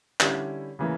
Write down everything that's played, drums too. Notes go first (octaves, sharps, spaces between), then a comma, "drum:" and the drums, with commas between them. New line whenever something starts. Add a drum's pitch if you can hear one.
D3 G3 C#4 E4, drum: clap
C#3 E3 A#3